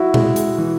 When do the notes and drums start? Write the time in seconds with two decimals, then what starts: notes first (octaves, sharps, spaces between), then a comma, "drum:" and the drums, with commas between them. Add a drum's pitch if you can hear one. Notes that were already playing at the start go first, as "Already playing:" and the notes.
Already playing: F#3 E4 F#4
0.14 G#3, drum: tom A#2
0.36 drum: hi-hat
0.58 E3